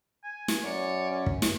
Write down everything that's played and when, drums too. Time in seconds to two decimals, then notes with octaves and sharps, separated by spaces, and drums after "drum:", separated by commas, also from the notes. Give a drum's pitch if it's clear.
0.24 G#5
0.48 drum: snare
0.64 F#2 C#5 D5
1.11 C#4
1.26 drum: kick
1.42 drum: snare